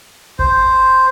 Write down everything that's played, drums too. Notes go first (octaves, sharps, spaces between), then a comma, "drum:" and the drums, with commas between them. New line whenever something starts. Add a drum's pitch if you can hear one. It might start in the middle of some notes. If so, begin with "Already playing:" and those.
C5, drum: kick F#1